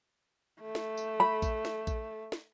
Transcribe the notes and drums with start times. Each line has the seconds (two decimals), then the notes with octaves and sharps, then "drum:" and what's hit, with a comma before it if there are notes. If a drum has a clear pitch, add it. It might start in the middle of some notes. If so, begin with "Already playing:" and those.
0.61 A3
0.75 drum: snare
0.97 drum: tambourine
1.20 B5
1.42 drum: kick A#1, tambourine
1.65 drum: snare
1.87 drum: kick A#1, tambourine
2.32 drum: snare